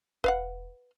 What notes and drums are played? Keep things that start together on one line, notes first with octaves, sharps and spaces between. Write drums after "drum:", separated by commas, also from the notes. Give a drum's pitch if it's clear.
B4 F5 F#5, drum: kick E1